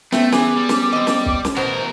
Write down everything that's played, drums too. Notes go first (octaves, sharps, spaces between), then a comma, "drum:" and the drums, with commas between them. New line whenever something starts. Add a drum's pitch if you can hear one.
A3 B3 C4 E5, drum: snare
E3 G#4 D6, drum: snare
G3
drum: snare
C4 D#5
drum: snare
drum: kick
drum: snare
E2 B2 A#4 C5